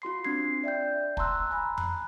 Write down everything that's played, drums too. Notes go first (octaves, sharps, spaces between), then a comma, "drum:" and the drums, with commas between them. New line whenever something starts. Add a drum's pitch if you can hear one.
F4 F#4 C6 C7
C4 D4 G#6 C7
D5 E5 G5 G6
A5 A#5 C6 E6 F#6, drum: kick
G#5 A#5 B5
F#6, drum: tom F2